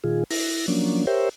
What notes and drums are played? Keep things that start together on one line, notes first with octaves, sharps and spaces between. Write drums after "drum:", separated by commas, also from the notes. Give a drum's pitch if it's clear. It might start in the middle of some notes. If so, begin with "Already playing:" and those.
A#2 D#3 F4 G#4
E4 A#6, drum: open hi-hat
F3 F#3 A#3 C#4 D4
G4 A#4 C5 C#5 E5 G5